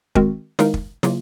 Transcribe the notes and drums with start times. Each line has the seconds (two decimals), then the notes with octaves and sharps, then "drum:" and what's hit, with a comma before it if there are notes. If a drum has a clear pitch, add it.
0.15 D#3 G#3 C4 F#4 A#4, drum: kick
0.59 D#3 G#3 D#4 A#4 F5, drum: snare
0.74 drum: kick
1.03 C#3 F#3 A#3 F4, drum: snare